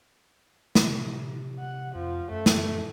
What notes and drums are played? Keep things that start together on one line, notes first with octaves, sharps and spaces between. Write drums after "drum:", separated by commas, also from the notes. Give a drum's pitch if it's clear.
C3, drum: snare
F#5
F2 F3
F#2 A3
drum: snare